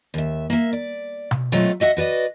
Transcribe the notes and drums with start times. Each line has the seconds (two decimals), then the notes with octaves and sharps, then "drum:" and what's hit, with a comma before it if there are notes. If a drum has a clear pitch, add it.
0.14 D#2 E5
0.50 A#3 E5
0.73 D5
1.31 drum: tom B2
1.52 F#3 G#3 A3 C4 F4 F#4
1.80 F#4 D#5 E5 F#5
1.97 F#4 B4 D5 D#5